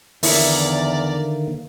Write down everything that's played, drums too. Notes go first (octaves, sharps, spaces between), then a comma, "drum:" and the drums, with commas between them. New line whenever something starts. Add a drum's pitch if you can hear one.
E2 D3 D#3 A#3 E4 A#4 D5, drum: open hi-hat